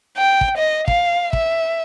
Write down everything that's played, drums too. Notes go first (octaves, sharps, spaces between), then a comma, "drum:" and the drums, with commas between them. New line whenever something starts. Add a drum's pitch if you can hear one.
G5
drum: kick
D#5
F5, drum: kick
E5, drum: kick